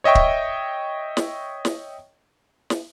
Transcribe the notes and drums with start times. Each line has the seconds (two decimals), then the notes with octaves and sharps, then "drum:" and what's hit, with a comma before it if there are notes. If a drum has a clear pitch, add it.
0.04 C#5 D#5 E5 G5 C#6
0.15 drum: kick
1.17 drum: snare
1.65 drum: snare
2.70 drum: snare